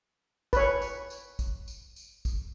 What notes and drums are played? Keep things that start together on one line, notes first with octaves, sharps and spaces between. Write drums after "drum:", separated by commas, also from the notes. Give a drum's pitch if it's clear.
B4 C#5, drum: kick, tambourine
drum: tambourine
drum: tambourine
drum: kick, tambourine
drum: tambourine
drum: tambourine
drum: kick, tambourine